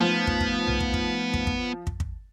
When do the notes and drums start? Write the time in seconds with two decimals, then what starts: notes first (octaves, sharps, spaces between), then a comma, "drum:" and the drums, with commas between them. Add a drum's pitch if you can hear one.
0.01 F3 A3 B3 D#4 C6
0.27 drum: kick
0.40 drum: kick
0.67 drum: tom B1
0.80 drum: kick
0.94 drum: kick
1.33 drum: kick
1.47 drum: kick
1.87 drum: kick
2.00 drum: kick